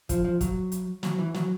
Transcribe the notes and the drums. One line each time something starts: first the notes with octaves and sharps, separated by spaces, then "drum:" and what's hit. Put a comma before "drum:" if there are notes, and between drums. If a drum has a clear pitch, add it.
F3, drum: kick, hi-hat
F3
F#3, drum: kick, hi-hat
drum: hi-hat
F#3, drum: snare
E3
F#3, drum: snare